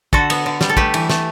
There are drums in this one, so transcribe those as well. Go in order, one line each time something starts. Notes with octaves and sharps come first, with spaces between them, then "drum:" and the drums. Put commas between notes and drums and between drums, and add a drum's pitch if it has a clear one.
D3 F#4 A4, drum: kick
B3, drum: cymbal
D3
G3, drum: snare
A4
A3 G4 B4, drum: kick
E3, drum: cymbal
A3, drum: snare